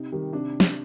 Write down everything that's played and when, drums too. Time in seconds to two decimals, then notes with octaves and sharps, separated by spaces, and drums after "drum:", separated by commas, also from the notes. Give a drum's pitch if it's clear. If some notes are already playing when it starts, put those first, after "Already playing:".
Already playing: C3 D#4
0.12 D#3 G3
0.33 C3 D4
0.60 drum: snare